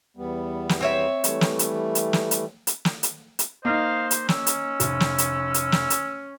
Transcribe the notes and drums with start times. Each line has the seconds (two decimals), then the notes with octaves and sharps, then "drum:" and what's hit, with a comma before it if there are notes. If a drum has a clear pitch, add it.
0.17 E2 G3 B3
0.69 drum: snare
0.81 C4 C#5 E5
1.24 E3 G3 A3, drum: hi-hat
1.41 drum: snare
1.59 drum: hi-hat
1.95 drum: hi-hat
2.13 drum: snare
2.31 drum: hi-hat
2.67 drum: hi-hat
2.85 drum: snare
3.03 drum: hi-hat
3.39 drum: hi-hat
3.65 A#3 D#4 C5 D#5 F5
4.11 drum: hi-hat
4.29 C#4 E6, drum: snare
4.47 drum: hi-hat
4.80 F1, drum: hi-hat
5.00 drum: snare
5.18 drum: hi-hat
5.54 drum: hi-hat
5.72 drum: snare
5.90 drum: hi-hat